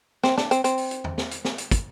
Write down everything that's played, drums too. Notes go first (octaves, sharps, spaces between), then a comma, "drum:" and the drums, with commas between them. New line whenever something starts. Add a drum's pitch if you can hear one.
C4, drum: snare
D4, drum: snare
C4, drum: hi-hat
C4, drum: hi-hat
drum: open hi-hat
drum: hi-hat
drum: tom E2
drum: snare
drum: hi-hat
drum: snare
drum: hi-hat
drum: kick, hi-hat